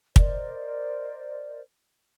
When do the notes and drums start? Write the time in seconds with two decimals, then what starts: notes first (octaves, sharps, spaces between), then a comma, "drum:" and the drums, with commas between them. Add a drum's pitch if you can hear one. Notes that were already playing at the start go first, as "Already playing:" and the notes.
0.16 A#4 C5 D5 D#5, drum: kick